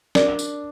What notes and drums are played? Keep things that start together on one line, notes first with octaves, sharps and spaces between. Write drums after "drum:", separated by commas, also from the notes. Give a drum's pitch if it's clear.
D4 A#4 D5, drum: snare
drum: tambourine